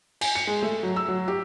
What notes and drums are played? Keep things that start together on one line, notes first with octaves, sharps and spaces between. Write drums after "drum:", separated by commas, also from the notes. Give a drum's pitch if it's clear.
G#5, drum: cymbal
C#7
G#3
A3
F#3
E6
F#3
G4